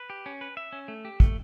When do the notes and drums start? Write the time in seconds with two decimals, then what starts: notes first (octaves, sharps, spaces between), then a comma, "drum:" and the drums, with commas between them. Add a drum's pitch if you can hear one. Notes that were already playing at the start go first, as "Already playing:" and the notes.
Already playing: B4
0.10 G4
0.26 C#4
0.41 B4
0.57 E5
0.73 C#4
0.88 A3
1.05 G4
1.20 A3, drum: kick